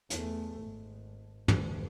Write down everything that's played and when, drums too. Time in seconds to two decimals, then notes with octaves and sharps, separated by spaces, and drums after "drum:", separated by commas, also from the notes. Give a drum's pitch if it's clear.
0.10 E2 A3, drum: hi-hat
0.62 G#1
1.48 F1 D2, drum: tom